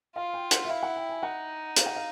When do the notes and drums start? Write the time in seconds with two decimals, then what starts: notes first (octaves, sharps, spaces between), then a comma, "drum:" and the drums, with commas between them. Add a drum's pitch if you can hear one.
0.16 F4 F5
0.34 G5
0.51 F#5, drum: hi-hat
0.65 E5
0.69 E4 F5
0.83 F#5
0.96 G5
1.09 G#5
1.23 D#4 F#5
1.76 F5, drum: hi-hat
1.86 F#5
1.96 F5